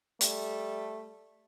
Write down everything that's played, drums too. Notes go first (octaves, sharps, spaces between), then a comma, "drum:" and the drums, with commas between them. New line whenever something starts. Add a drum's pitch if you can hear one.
G3 A3, drum: hi-hat